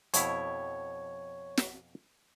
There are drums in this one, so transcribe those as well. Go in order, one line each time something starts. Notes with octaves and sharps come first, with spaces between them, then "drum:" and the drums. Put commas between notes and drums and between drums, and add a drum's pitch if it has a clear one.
F2 B2 E4 C#5, drum: hi-hat
drum: snare